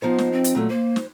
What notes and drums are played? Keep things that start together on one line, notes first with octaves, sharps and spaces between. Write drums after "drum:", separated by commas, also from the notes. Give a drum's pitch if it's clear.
F3 B3 D#4 C5
drum: snare
C4
drum: hi-hat
A#2 F#3 A3
A#3 C5
drum: snare